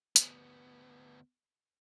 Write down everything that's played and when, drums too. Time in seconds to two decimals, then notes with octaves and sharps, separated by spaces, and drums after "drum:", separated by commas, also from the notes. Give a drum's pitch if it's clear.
0.16 D2 B3, drum: hi-hat